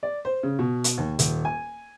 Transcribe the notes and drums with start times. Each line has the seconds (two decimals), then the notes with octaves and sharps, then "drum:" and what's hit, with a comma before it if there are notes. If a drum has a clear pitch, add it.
0.03 D5
0.25 C5
0.43 C#3
0.59 B2
0.84 drum: hi-hat
0.98 D#2
1.19 D#1, drum: hi-hat
1.45 G#5